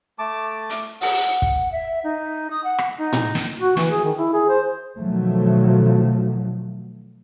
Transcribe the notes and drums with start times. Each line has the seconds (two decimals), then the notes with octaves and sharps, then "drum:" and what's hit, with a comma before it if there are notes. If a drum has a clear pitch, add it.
0.19 A3 A5 D6
0.70 drum: hi-hat
1.01 F#5, drum: open hi-hat
1.42 drum: kick
1.72 E5
2.04 D#4
2.51 D#6
2.64 F#5
2.79 drum: rim click
2.98 D#4
3.13 drum: tom A2
3.35 drum: snare
3.60 F#4
3.77 E3, drum: snare
3.90 G#4
4.03 D#3
4.16 E4
4.33 G#4
4.49 C5
4.97 B2 D#3 F3 F#3 A3